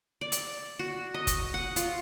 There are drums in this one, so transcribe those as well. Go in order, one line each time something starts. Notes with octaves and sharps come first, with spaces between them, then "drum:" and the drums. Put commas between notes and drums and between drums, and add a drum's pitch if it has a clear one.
D5
drum: hi-hat
F#4
D#5
drum: kick F#1, hi-hat
F#5
F4, drum: hi-hat